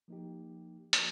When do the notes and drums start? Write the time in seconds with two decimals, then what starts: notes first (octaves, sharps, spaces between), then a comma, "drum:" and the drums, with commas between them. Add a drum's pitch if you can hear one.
0.08 F3 A#3 D#4 G4
0.93 F3 A#3 D4 F#4, drum: hi-hat